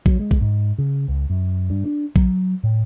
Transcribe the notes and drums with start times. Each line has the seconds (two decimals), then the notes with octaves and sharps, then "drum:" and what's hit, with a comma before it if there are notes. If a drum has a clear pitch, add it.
0.06 F#3, drum: kick A#1
0.20 G#3
0.31 drum: kick A#1
0.41 G#2
0.78 C#3
1.08 C#2
1.30 F#2
1.70 G2
1.86 D4
2.16 F#3, drum: kick A#1
2.64 A2